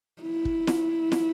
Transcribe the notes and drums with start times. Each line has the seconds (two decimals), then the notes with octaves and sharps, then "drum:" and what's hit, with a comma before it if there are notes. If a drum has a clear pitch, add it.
0.23 E4
0.45 drum: kick
0.67 drum: snare
1.12 drum: snare